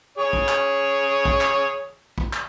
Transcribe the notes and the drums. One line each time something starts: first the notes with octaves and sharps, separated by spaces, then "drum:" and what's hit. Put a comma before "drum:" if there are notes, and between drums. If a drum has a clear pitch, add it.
G#4 C#5
drum: kick
drum: clap
drum: kick
drum: clap
drum: kick
drum: clap